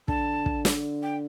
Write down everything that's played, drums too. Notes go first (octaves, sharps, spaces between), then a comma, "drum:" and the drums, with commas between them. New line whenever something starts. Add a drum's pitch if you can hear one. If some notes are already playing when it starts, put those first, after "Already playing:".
D3 A5, drum: kick
drum: kick
drum: snare
G5